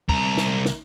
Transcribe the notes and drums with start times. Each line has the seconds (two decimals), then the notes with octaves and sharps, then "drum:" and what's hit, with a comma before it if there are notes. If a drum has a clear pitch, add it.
0.09 C2 A#5, drum: kick
0.37 drum: snare
0.65 drum: snare